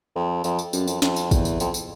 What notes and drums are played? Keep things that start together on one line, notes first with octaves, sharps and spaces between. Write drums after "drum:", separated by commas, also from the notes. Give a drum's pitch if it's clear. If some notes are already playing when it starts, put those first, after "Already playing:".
F2
F2, drum: tambourine
drum: tambourine
F#2, drum: tambourine
F2, drum: tambourine
F2, drum: snare
drum: tambourine
E2, drum: kick, tambourine
drum: tambourine
F2, drum: tambourine
drum: tambourine